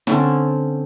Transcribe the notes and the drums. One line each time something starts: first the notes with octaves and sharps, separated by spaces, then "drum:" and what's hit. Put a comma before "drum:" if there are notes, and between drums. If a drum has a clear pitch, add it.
D3 C4 C#4, drum: snare